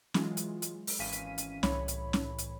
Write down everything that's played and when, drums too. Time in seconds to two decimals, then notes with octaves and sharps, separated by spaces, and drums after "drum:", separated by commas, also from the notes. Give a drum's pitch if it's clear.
0.14 E3 F#3 G#3 F4, drum: snare
0.37 drum: hi-hat
0.62 drum: hi-hat
0.87 drum: open hi-hat
0.99 G#1 E3 C#4 F5 B6 D#7
1.12 drum: hi-hat
1.38 drum: hi-hat
1.63 C2 A2 E3 C#5 B5, drum: snare
1.88 drum: hi-hat
2.13 drum: snare
2.38 drum: hi-hat